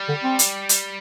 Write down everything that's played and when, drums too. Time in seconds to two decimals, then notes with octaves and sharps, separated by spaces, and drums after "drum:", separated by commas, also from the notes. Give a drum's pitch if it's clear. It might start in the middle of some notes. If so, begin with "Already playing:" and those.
Already playing: G3
0.09 D3
0.24 C4
0.39 drum: hi-hat
0.69 drum: hi-hat